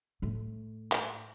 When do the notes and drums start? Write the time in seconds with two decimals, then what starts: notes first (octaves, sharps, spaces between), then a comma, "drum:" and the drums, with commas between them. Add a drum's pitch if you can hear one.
0.22 A2 A3
0.92 drum: clap